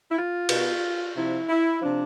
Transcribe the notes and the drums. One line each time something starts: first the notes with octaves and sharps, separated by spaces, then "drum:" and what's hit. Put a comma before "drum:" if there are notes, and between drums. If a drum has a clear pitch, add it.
E4
F4
B2, drum: cymbal
C3 F3 E4
E4
C3 F3 D4